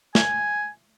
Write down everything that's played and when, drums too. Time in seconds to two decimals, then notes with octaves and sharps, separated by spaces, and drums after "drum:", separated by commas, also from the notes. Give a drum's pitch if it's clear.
0.15 G#5, drum: snare